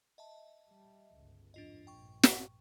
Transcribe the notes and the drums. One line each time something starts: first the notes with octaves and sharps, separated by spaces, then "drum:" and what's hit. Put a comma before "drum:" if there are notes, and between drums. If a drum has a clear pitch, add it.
D#5 E5 A5
G3
G1 C#2
F2 G#2 D4 F4 D#5
A#1 G2 G5 C#6
drum: snare